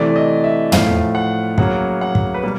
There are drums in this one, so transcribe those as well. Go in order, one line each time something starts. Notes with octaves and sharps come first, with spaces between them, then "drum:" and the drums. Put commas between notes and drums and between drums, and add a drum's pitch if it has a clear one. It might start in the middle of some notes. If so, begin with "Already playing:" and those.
Already playing: C3 E3 A3 D5
D#5
E5
A2 F3 A3 F5, drum: tom
F#5
C#3 F#3 A#3 F#5, drum: kick
F#5
drum: kick
B4
B2 G3 A#3